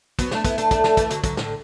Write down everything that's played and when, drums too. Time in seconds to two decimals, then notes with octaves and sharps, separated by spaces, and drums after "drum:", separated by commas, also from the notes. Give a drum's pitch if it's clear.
0.19 F#3 B3, drum: kick, hi-hat
0.31 A3 D4, drum: snare
0.45 B3 E4, drum: kick, hi-hat
0.58 A3 D4, drum: hi-hat
0.71 A3 D4, drum: kick, hi-hat
0.84 A3 D4, drum: snare
0.97 E3 A3, drum: kick, hi-hat
1.10 D3 F#3, drum: hi-hat
1.24 D3 F#3, drum: kick, hi-hat
1.37 A2 D3, drum: snare